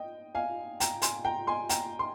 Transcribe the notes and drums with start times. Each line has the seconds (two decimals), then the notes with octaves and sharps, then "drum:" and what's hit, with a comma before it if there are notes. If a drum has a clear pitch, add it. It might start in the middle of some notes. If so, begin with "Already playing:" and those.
Already playing: D#5 G5
0.35 F5 G#5
0.80 G5 A#5, drum: hi-hat
1.02 G#5 C6, drum: hi-hat
1.25 G5 A#5
1.47 G#5 C6
1.69 G5 A#5, drum: hi-hat
1.99 C6